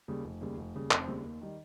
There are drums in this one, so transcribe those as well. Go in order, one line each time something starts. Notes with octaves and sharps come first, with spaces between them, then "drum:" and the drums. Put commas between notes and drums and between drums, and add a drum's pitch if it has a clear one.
D#2 C#3 G3
F1
D#2 C#3 G3
F1
D#2 C#3 G3
F1 C4, drum: clap
D#2 C#3 G3
D#2
D#3 G3